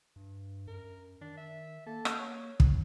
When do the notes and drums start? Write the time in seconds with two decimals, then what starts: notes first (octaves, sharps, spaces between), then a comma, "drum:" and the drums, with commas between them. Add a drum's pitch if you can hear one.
0.16 G2
0.68 F#2 A#4
1.21 D#3 D4
1.37 E5
1.86 A#3 A4
2.05 drum: rim click
2.19 C#5
2.60 drum: kick